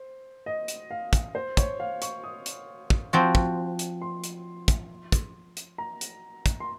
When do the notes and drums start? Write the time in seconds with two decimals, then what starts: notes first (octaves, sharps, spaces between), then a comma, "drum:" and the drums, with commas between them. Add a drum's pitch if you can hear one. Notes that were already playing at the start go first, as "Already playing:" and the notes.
Already playing: C5
0.46 D#5
0.68 drum: hi-hat
0.91 F5
1.13 drum: kick, hi-hat
1.35 C5
1.57 C#5, drum: kick, hi-hat
1.80 F5
2.02 C#6, drum: hi-hat
2.24 D#6
2.46 drum: hi-hat
2.90 drum: kick
3.13 F3 C4 F#4
3.35 drum: kick
3.79 drum: hi-hat
4.02 C6
4.24 drum: hi-hat
4.68 drum: kick, hi-hat
5.12 drum: kick, hi-hat
5.57 drum: hi-hat
5.78 A#5
6.01 drum: hi-hat
6.46 drum: kick, hi-hat
6.60 C6